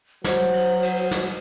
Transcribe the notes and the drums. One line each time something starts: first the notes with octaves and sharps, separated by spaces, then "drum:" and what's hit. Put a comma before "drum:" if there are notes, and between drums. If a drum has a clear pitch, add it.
F#3 C5, drum: snare
drum: cymbal
drum: cymbal
drum: snare